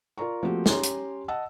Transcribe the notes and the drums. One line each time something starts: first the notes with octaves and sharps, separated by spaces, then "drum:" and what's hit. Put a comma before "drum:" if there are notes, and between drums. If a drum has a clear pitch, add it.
F4 A#4 D5 A#5 C#6
F3 A3 A#3 C4 F#4 G4
C#4 G4 C#5 A#5 C6, drum: snare
drum: hi-hat
D#5 F#5 A5 E6